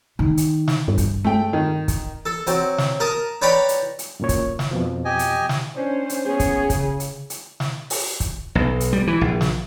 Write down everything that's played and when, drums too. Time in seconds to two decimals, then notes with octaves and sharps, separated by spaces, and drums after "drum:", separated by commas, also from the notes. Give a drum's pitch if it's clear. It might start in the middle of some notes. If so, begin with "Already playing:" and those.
0.19 D#3
0.37 drum: hi-hat
0.68 drum: snare
0.88 G2
0.98 drum: kick, hi-hat
1.25 A3 G5
1.53 D#3
1.88 drum: kick, hi-hat
2.26 A4
2.47 F#3 C4, drum: hi-hat
2.78 drum: snare
3.00 A#4 A5 D#6
3.42 B4 C#5 D5 G5 A#5 B5
3.69 drum: hi-hat
3.99 drum: hi-hat
4.20 F#2 A#2 C#5
4.29 drum: kick, hi-hat
4.59 drum: snare
4.71 F2 B2 F3
5.05 G4 D#5 G#5
5.19 drum: hi-hat
5.49 drum: snare
5.75 C#4 D4 C5
6.09 drum: hi-hat
6.25 B3 C#4 G#4 C#5
6.40 drum: kick, hi-hat
6.70 C#3, drum: kick, hi-hat
7.00 drum: hi-hat
7.30 drum: hi-hat
7.60 drum: snare
7.90 drum: open hi-hat
8.20 drum: kick, hi-hat
8.55 B1
8.80 drum: hi-hat
8.93 G3
9.07 E3
9.21 A#1
9.41 drum: snare